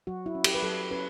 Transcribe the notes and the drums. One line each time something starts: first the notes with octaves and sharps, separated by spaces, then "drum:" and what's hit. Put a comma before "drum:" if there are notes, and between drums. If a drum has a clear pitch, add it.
F#3 F#4
E4
C#4
G4, drum: cymbal
B4
F#3 A4
C#4 B4